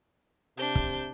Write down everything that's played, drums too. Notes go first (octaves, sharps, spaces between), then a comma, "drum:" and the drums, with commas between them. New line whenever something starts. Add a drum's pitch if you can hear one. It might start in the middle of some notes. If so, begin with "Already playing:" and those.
C3 D4 G6
drum: kick